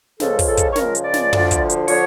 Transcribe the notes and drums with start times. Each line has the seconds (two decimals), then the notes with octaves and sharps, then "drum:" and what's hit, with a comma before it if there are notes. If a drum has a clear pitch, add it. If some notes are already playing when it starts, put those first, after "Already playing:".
0.20 C#2 C#3 F3 A4, drum: snare
0.39 drum: kick, open hi-hat
0.48 A4
0.57 drum: kick, hi-hat
0.72 C#5
0.76 C#2 C#3 F3 A#4, drum: snare
0.95 drum: hi-hat
1.04 D5
1.14 drum: snare
1.33 D2 D3 F3, drum: tom
1.51 drum: kick, hi-hat
1.70 drum: hi-hat
1.88 D3 F3 C#5, drum: open hi-hat